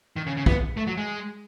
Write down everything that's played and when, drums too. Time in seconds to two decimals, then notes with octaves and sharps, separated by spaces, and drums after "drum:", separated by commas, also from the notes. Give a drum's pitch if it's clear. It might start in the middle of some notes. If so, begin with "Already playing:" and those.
0.16 D#3
0.27 C#3
0.37 C#3
0.46 B3, drum: kick
0.77 A3
0.87 F#3
0.97 G#3